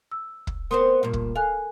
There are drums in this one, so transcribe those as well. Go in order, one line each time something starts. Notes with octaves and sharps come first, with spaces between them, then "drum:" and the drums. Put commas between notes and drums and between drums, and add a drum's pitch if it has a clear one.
E6
drum: kick
B3 C4 A#4 C5 C6 D#6
G2 A#2
drum: kick
A4 F5 G#5 F#6